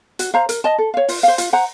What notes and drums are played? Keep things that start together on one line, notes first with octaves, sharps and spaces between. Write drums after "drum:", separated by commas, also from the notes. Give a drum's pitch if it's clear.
F#4, drum: hi-hat
C5 F5 A#5
A#4, drum: hi-hat
D#5 A5
A4
C#5 F5
F4, drum: open hi-hat
C5 F5
F4, drum: hi-hat
C5 F#5 A#5